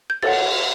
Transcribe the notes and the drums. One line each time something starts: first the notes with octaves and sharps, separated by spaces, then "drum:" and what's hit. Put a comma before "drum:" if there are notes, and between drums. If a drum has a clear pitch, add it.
G6
A4 C#5 F#5 A6, drum: cymbal